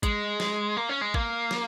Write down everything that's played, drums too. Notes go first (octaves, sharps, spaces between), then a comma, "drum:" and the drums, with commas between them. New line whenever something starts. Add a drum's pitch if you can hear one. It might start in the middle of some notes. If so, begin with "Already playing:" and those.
G#3, drum: kick, hi-hat
drum: snare
A#3
C#4
G#3
A#3, drum: kick
drum: snare